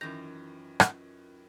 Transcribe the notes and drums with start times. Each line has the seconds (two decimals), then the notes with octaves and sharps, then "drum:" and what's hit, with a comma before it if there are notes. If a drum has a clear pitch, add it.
0.01 F#2 D#3 E3 C#4 F4 A#5 G6 A#6
0.80 drum: rim click